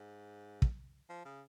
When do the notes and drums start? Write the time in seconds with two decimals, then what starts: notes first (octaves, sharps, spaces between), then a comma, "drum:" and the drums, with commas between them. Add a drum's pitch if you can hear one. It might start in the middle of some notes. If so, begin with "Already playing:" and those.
Already playing: G#2
0.62 drum: kick
1.09 F3
1.25 C#3